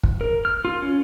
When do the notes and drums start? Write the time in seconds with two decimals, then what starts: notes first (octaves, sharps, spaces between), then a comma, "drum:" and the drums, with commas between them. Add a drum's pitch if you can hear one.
0.03 drum: kick
0.21 A#4
0.45 F6
0.65 F4
0.82 C#4